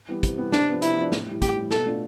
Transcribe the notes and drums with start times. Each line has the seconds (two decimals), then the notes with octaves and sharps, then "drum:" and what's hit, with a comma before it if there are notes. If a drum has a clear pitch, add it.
0.08 E3 G3 B3
0.23 C3, drum: kick, hi-hat
0.37 E3 G3 B3
0.52 C3 D4, drum: snare
0.67 F3 B3 D4
0.82 C3 E4, drum: hi-hat
0.97 F3 B3 D4
1.12 A2, drum: snare
1.27 E3 G3
1.42 A2 G4, drum: kick, hi-hat
1.56 E3 G3
1.71 B2 A4, drum: snare
1.86 A3 D4 F4